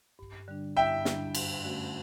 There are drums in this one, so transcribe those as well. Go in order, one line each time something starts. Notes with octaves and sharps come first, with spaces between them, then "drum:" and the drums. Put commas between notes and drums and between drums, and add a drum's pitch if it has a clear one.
G2
D3 G3 D4
G2 E5 G5
D3 G3 D4, drum: snare
F#2, drum: cymbal
D3 A3 C#4 F#4